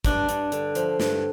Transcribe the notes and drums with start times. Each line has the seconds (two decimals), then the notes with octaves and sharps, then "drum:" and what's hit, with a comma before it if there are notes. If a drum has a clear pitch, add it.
0.05 G2 D4, drum: kick, hi-hat
0.29 G2, drum: hi-hat
0.52 D3, drum: hi-hat
0.75 F3, drum: hi-hat
1.00 G2, drum: snare